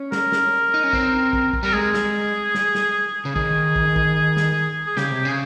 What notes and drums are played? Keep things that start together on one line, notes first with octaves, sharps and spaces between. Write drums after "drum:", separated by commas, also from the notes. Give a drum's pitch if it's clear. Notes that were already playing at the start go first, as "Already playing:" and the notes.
Already playing: C#4
A#4, drum: snare
drum: snare
D#4
C#4
C4, drum: kick
drum: kick
drum: kick
G3 A#4
G#3 G#4
drum: snare
drum: snare
drum: snare
C#3
D#3 G#4, drum: kick
drum: kick
drum: kick
drum: snare
G#4
C#3 G4, drum: snare
C3
C#3 G#4